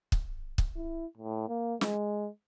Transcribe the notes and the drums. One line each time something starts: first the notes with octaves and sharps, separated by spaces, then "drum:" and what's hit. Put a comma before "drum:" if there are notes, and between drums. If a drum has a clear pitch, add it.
drum: kick
drum: kick
E4
A2
A#3
G#3, drum: snare